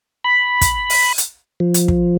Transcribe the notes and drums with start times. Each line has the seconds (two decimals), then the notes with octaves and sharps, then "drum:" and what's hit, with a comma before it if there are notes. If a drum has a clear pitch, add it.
0.24 B5
0.61 drum: kick, hi-hat
0.90 drum: open hi-hat
1.18 drum: hi-hat
1.60 F3
1.74 drum: hi-hat
1.88 drum: kick